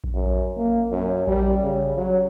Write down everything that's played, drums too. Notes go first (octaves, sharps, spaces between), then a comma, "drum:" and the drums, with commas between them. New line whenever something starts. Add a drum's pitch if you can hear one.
drum: kick A#1
F#2
A#3
F#2
G3, drum: kick A#1
C#3
F#3